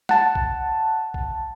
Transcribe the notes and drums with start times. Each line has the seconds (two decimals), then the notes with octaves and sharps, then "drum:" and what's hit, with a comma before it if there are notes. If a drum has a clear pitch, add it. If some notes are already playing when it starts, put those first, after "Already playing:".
0.09 F#5 A5, drum: snare
0.35 drum: kick
1.14 drum: kick